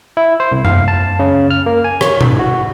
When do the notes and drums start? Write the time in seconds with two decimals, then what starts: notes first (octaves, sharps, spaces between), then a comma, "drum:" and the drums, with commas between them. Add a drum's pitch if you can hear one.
0.17 E4
0.40 C5
0.52 C2
0.65 F5, drum: tom F#2
0.88 A5
1.19 C#3
1.50 F6
1.66 A#3
1.84 G#5
2.01 C#5, drum: rim click
2.21 G#1, drum: tom B2
2.39 F#4